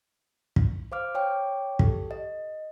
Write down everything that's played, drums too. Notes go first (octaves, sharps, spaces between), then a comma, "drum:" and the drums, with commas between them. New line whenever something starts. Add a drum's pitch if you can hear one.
drum: kick
C5 F5 D6 F6
C#5 G5 D6
G4 A4, drum: kick
D#5